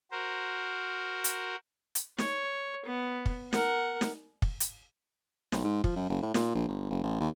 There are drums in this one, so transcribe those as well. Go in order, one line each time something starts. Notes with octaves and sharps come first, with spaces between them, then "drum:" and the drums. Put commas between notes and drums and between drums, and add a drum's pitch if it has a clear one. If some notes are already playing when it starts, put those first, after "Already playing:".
F#4 A#4 C5
drum: hi-hat
drum: hi-hat
C#5, drum: snare
B3
drum: kick
A#4 F#5, drum: snare
drum: snare
drum: kick
drum: hi-hat
B1, drum: snare
G#2
F3, drum: kick
F#2
F#1
A2
A#2, drum: snare
A#1
G1
F#1
A1
D#2